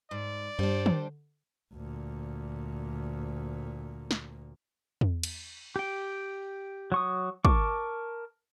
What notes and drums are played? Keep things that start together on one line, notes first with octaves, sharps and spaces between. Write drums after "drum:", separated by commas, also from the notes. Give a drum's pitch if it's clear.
G#2 D5
G2 G3 D4 C5
drum: tom
D2 A#2
drum: snare
drum: tom
drum: cymbal
G4 G5
F#3 C#6 D#6
A#4 A5 C#6 D6, drum: kick